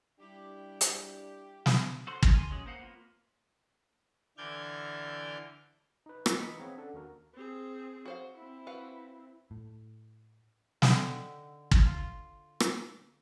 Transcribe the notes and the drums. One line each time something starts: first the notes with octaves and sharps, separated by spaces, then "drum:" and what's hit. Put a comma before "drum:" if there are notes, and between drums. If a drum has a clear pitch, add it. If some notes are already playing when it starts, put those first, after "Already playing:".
G3 D4 E4 G4
drum: hi-hat
drum: snare
F#4 A4 C5 C6
A3 G4 G#4 A#4 F5, drum: kick
G#5 C6
F#3 G#3 C#4 G#4
A#3 C5 F5 F#5
A#3 B3 F4
D3 E3 D5 F6 G6 G#6
D#4 B4
A#5 F#6, drum: rim click
E3 D#5 A#5 B5 B6 C#7
B3 C4 G#4 C#5 F5
C#4 D4 A4 F#5
D#2 A#3 F#4 A#4
C4 G#4
F#4 C5 F5
C4 E4
F#4 B4 F5
A2
D3 D#4 E5 F#5 G5, drum: snare
drum: kick
F4
drum: rim click